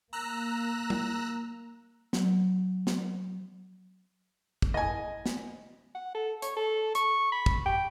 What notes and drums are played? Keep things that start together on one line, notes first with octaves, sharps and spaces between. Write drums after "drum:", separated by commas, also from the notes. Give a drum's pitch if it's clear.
A#3 A#5 E6 F#6
drum: tom G3
F#3, drum: snare
drum: snare
drum: kick
D#5 G#5
drum: snare
F#5
A4
C#5, drum: hi-hat
A4
C#6, drum: hi-hat
B5
drum: kick
G5